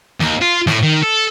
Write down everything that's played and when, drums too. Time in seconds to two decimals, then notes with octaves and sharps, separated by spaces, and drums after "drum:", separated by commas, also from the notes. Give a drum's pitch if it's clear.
0.20 D#2, drum: snare
0.41 F4
0.67 A2, drum: snare
0.83 D#3
1.03 A4